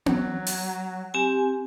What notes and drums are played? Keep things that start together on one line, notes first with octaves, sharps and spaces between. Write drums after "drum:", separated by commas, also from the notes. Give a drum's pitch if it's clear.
F#3, drum: tom B3
drum: open hi-hat
C4 G4 G#5